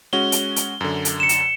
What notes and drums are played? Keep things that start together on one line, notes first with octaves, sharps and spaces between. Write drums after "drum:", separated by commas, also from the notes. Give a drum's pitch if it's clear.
G#3 C#4 F#4 G7
drum: hi-hat
drum: hi-hat
F#2 D3
drum: hi-hat
C#7 E7
drum: hi-hat